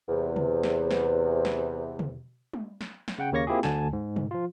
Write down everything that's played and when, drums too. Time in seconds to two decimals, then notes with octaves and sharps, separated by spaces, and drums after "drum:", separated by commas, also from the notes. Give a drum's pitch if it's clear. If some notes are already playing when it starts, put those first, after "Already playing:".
0.09 E2 C3
0.36 drum: tom
0.63 drum: snare
0.91 drum: snare
1.45 drum: snare
1.99 drum: tom
2.53 drum: tom
2.81 drum: snare
3.08 drum: snare
3.18 C#3 F#5 G5
3.32 D#2 C#3 A#3 C#5 C#6 A#6
3.47 A#3 C4 E4 F4 G4 G#4
3.63 D2 D3 G#5 A5, drum: snare
3.93 G#2
4.16 drum: tom
4.31 F3 F4